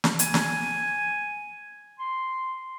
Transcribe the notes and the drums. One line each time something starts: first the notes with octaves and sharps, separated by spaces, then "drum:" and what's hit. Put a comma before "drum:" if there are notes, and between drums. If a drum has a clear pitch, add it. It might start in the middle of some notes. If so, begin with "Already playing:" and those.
drum: snare
G#5, drum: hi-hat
drum: snare
C6